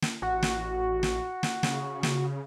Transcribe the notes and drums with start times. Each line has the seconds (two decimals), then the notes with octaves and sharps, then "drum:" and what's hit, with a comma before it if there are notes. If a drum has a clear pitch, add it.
0.02 drum: snare
0.22 A1 F#4
0.43 drum: snare
1.03 drum: snare
1.43 drum: snare
1.63 C#3, drum: snare
2.03 drum: snare